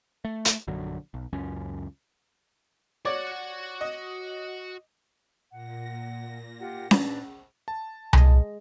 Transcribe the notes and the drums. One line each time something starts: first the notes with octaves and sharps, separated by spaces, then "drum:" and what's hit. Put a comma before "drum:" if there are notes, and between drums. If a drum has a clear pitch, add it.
A3
drum: hi-hat
A#1 F#2 D3 F#3
B1
C#2 F#2 C#4
F#4 C#5 D5 F#5 D6
D#5
A#2 F#5 A#6
F4 G4 F#5
D4 B4, drum: snare C#4
A5
G#3 D#5, drum: tom C2